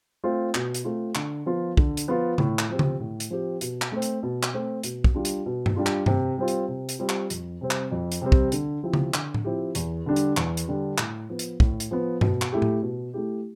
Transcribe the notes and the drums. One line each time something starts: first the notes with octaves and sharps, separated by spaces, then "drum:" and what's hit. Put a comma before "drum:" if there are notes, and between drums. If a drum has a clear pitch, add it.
A3 C4 F4
B2, drum: clap
drum: hi-hat
A3 C4 F4
D3, drum: clap
F3 B3 F4
D3, drum: kick
drum: hi-hat
F3 B3 F4
A2, drum: tom C#3
drum: clap
F3 C4 G4
drum: tom C#3
A2
drum: hi-hat
F3 C4 G4
B2, drum: hi-hat
drum: clap
A3 C4
drum: hi-hat
B2
drum: clap
A3 C4
B2, drum: hi-hat
drum: kick
G3 D4 F4
drum: hi-hat
B2
drum: tom G2
G3 D4 F4
drum: clap
C3, drum: tom G2
G3 C4 F4
drum: hi-hat
C3
drum: hi-hat
G3 C4 F4
drum: clap
F2, drum: hi-hat
C3 G3 C4
drum: clap
F2
drum: hi-hat
C3 G3 C4
drum: kick
D3, drum: hi-hat
F3 C4 E4 G4
drum: tom C#3
D3, drum: clap
drum: tom A2
F3 C4 E4 G4
E2, drum: hi-hat
D3 G3 D4
drum: hi-hat
E2, drum: clap
drum: hi-hat
D3 G3 D4
A2, drum: clap
F3 B3
drum: hi-hat
A2, drum: kick
drum: hi-hat
F3 B3
B2, drum: tom G2
drum: clap
A3 E4 G4
drum: tom A2
B2
A3 E4 G4